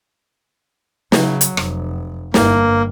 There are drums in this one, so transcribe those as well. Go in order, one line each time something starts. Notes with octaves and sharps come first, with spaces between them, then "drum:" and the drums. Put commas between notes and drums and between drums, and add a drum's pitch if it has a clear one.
C#3 F#3, drum: snare
drum: hi-hat
F1, drum: rim click
G1 G2 A#3, drum: snare